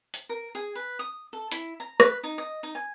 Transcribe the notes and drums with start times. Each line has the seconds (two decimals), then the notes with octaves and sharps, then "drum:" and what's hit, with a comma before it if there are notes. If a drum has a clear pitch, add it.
0.14 drum: hi-hat
0.29 A#4
0.55 G#4
0.75 B4
0.99 D#6
1.33 A4
1.52 E4, drum: hi-hat
1.80 A#5
2.00 B4, drum: rim click
2.23 D#4
2.38 D#5
2.63 D#4
2.75 G#5